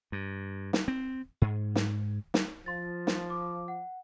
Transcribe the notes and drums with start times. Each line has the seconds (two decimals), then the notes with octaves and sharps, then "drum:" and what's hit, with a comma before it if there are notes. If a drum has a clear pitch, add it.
0.12 G2
0.73 drum: snare
0.88 C4
1.42 G#2
1.76 drum: snare
2.34 drum: snare
2.66 F3 C6 A6
3.07 drum: snare
3.30 D6
3.68 F#5